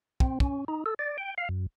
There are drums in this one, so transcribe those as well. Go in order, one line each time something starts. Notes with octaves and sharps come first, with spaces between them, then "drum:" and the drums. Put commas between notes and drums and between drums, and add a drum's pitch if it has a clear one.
C4, drum: kick
C#4, drum: kick
D#4
A4
D5
G5
F5
F#2